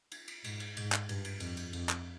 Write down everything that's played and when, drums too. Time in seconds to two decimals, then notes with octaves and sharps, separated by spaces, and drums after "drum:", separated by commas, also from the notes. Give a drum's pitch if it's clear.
0.12 drum: cymbal
0.28 drum: cymbal
0.44 G#2, drum: cymbal
0.60 drum: cymbal
0.77 G#2, drum: cymbal
0.92 drum: clap
1.09 G2, drum: cymbal
1.25 drum: cymbal
1.40 F2, drum: cymbal
1.57 drum: cymbal
1.73 F2, drum: cymbal
1.89 drum: clap